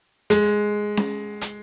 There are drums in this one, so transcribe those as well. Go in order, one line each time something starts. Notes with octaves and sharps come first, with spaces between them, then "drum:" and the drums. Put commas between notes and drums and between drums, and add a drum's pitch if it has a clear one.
G#3, drum: hi-hat
drum: snare C#4
drum: hi-hat